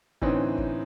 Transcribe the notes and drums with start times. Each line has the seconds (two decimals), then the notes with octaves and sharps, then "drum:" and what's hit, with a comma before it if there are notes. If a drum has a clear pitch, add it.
0.22 A2 D3 E3 C4 C#4 D#4, drum: kick G#1
0.58 drum: kick G#1